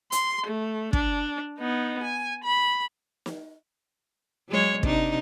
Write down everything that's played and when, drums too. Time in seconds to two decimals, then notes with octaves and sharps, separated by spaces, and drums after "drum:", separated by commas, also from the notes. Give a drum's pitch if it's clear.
0.12 C6, drum: hi-hat
0.46 A3
0.93 D4, drum: kick
1.59 B3 D#4
2.03 G#5
2.44 B5
3.26 drum: snare
4.48 F#3 G#3 C#5
4.83 C3 D4 D#4, drum: kick